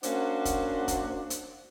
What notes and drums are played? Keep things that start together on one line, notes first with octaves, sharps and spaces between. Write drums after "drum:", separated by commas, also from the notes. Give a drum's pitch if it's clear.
A#3 C#4 D4 F#4 C5 F#5, drum: hi-hat
drum: kick, hi-hat
drum: kick, hi-hat
drum: hi-hat